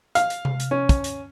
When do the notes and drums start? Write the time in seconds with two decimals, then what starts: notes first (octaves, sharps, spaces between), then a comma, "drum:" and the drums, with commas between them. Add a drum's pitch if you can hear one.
0.15 F5, drum: hi-hat
0.30 drum: hi-hat
0.45 drum: tom C3
0.60 drum: hi-hat
0.71 C#4
0.89 drum: kick, hi-hat
1.04 drum: hi-hat